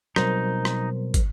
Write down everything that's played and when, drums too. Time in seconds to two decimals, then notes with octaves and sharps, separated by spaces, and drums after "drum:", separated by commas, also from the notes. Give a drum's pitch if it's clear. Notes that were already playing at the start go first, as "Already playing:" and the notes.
0.16 B2 F#3 G3 C4 D#4 A#4 C5, drum: rim click
0.65 drum: rim click
1.14 drum: kick, hi-hat